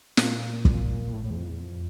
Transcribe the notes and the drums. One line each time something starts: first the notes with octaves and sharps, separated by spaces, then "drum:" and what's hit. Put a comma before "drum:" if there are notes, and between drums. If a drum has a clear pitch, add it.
A#2, drum: snare
drum: kick
A2
A2
E2
F2
E2
F2